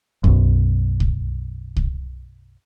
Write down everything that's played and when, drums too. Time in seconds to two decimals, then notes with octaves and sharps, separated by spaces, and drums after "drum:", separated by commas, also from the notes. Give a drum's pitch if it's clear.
0.24 B1 F#2, drum: kick C2
1.00 drum: kick C2
1.76 drum: kick C2